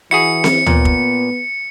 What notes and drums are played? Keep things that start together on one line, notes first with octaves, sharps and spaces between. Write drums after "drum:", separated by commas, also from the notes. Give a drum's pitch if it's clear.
E3 E4 F#4 G#4 C#7
drum: snare C4
A#2 B3, drum: tom D2
drum: kick